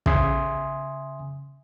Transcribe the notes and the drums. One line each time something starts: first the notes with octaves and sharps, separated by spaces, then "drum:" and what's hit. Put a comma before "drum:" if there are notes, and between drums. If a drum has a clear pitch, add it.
C#3 E5 G#5 C6 D#6, drum: kick